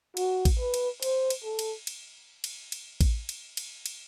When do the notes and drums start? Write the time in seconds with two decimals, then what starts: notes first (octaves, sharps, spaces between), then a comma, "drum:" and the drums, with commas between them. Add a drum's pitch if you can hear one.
0.17 F#4, drum: cymbal
0.45 drum: kick A1, cymbal
0.60 B4
0.74 drum: cymbal
1.02 C5, drum: cymbal
1.30 drum: cymbal
1.44 A4
1.59 drum: cymbal
1.87 drum: cymbal
2.44 drum: cymbal
2.72 drum: cymbal
3.01 drum: kick A1, cymbal
3.29 drum: cymbal
3.57 drum: cymbal
3.86 drum: cymbal